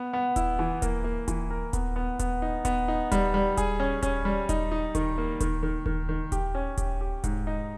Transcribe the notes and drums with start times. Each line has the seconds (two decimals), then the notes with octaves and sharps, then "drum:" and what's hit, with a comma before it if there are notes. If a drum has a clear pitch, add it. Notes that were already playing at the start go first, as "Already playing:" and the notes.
Already playing: B3
0.13 B3
0.36 E4, drum: kick D#1, hi-hat
0.59 E3
0.82 A#3, drum: kick D#1, hi-hat
1.04 A#3
1.28 E3, drum: kick D#1, hi-hat
1.50 A#4
1.73 B3, drum: kick D#1, hi-hat
1.96 B3
2.19 B3, drum: kick D#1, hi-hat
2.42 D#4
2.65 B3, drum: kick D#1, hi-hat
2.88 D#4
3.12 G3, drum: kick D#1, hi-hat
3.34 G3
3.57 G#4, drum: kick D#1, hi-hat
3.80 C#4
4.03 C#4, drum: kick D#1, hi-hat
4.25 G3
4.49 D#4, drum: kick D#1, hi-hat
4.72 D#4
4.95 D#3, drum: kick D#1, hi-hat
5.18 A#3
5.40 D#3, drum: kick D#1, hi-hat
5.63 D#3
5.86 D#3, drum: kick D#1
6.09 D#3
6.32 G4, drum: kick D#1, hi-hat
6.55 C#4
6.77 G4, drum: kick D#1, hi-hat
7.01 G4
7.24 G#2, drum: kick D#1, hi-hat
7.47 D#4